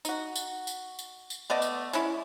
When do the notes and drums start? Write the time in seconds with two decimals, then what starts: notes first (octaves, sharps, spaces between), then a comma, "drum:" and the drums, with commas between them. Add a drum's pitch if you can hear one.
0.05 D#4 F#4, drum: tambourine
0.36 drum: tambourine
0.67 drum: tambourine
0.99 drum: tambourine
1.30 drum: tambourine
1.50 A3 B3 D5 D#5
1.62 drum: tambourine
1.93 G#3 C#4 E4, drum: tambourine